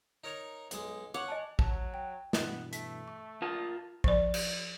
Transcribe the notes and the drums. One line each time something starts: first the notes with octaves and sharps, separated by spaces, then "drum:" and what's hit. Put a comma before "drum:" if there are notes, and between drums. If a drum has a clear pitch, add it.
D#4 A#4 C#5
B1 G#3, drum: hi-hat
C#5 F#5 C#6 D6
D#5 G#5 A5
F#3 A5, drum: kick A1
G5
G2 B2 E3 B3, drum: snare
A3 B6, drum: hi-hat
C#6
F4 A#4 A5 D#6 A6
F3 D5, drum: kick A1
drum: cymbal